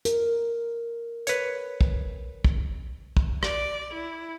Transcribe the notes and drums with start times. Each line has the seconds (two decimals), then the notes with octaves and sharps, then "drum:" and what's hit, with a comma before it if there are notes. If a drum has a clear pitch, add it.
0.05 A#4, drum: hi-hat
1.27 B4 C#5, drum: hi-hat
1.81 drum: kick
2.45 drum: kick
3.17 drum: kick
3.43 D5, drum: rim click
3.93 E4